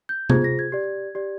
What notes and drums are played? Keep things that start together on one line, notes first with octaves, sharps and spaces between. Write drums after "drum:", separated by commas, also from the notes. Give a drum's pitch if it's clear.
G6
F4 G#4 C5 G#6, drum: tom C3
A#6
G#6
G4 D5
G4 D5